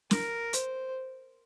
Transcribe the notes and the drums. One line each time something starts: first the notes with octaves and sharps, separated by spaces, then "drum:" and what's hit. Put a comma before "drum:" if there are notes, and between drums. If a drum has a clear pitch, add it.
A#4, drum: snare
C5, drum: hi-hat